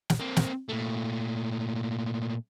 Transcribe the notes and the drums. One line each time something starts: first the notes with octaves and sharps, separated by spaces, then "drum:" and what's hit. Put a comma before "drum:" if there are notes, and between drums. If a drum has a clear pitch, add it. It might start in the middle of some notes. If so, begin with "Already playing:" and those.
drum: snare
A#3 C4
drum: snare
A#2 A3